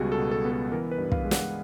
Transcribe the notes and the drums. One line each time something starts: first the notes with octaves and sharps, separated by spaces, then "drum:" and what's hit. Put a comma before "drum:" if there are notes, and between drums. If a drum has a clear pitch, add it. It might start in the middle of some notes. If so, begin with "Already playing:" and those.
Already playing: C#2 B2 G3 B3 F#4 G#4
A4
B2
A4
B3
A4
E3 A#4
B4
G2
F5, drum: kick
G#3
F#5, drum: snare